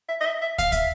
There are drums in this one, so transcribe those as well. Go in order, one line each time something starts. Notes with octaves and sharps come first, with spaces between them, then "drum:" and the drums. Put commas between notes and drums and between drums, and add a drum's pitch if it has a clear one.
E5
D#5
E5
E5
F5, drum: kick, hi-hat
E5, drum: kick, hi-hat